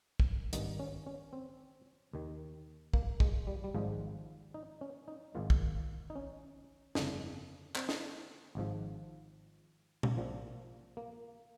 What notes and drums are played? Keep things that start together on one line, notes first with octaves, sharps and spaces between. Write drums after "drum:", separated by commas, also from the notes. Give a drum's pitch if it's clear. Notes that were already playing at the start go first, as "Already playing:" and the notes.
drum: kick
G#1 G2 D#3 D#4, drum: hi-hat
C#4
C#4
C4
D#2 D#3
A#3, drum: kick
G#3, drum: kick
G3
G3
G#1 G#2 F3 G#3
D#4
C#4
D#4
G#1 G#2 D#3 F4
drum: kick
D#4
C#4
G1 F2 C#3, drum: snare
C4, drum: clap
drum: snare
G#1 G#2 F3
drum: tom A#2
A#1 A#2 F3
A#3